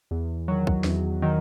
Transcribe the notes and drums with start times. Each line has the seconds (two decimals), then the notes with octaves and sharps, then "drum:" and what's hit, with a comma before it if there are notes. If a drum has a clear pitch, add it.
0.11 E2
0.48 D#3 F#3
0.67 drum: kick
0.84 E2, drum: snare
1.22 D#3 F#3